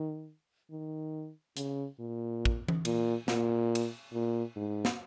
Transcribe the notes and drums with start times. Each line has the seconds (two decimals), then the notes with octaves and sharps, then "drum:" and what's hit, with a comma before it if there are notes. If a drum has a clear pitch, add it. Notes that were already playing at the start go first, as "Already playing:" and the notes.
Already playing: D#3
0.71 D#3
1.57 C#3, drum: hi-hat
1.99 A#2
2.45 drum: kick
2.68 drum: tom E3
2.85 A#2, drum: cymbal
3.28 A#2, drum: snare
3.75 drum: cymbal
4.13 A#2
4.56 G#2
4.85 drum: snare